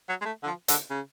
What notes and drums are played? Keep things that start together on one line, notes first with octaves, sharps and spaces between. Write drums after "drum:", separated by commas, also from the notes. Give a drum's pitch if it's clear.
F#3
G#3
A3
D3
F3
D3, drum: hi-hat
C#3